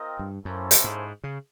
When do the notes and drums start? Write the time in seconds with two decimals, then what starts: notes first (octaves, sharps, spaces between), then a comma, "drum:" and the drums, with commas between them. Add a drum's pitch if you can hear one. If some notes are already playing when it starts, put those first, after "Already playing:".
Already playing: C4 F4 A#4 D#5 G5
0.19 G2
0.45 F#2 A#3 C#4 E4 A4 C5
0.71 drum: hi-hat
0.84 G#2
1.24 C#3